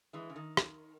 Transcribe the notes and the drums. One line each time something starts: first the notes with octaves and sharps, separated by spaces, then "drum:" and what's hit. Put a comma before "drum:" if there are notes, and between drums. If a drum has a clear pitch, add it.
E3 G#3
C#3
D#3
drum: rim click